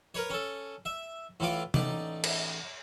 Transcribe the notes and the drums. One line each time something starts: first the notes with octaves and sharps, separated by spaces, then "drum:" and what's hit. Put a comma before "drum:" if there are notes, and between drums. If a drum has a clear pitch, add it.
A#4 B4 C#5
C#4 A4
E5
A2 E3 F4 D6
A1 D#4 D5, drum: tom C3
drum: cymbal